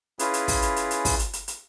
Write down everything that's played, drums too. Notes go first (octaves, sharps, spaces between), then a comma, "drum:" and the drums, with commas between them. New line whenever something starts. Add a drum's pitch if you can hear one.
C#4 E4 F4 G#4 B4, drum: hi-hat
drum: hi-hat
drum: kick, open hi-hat
drum: hi-hat
drum: hi-hat
drum: hi-hat
drum: kick, open hi-hat
drum: hi-hat
drum: hi-hat
drum: hi-hat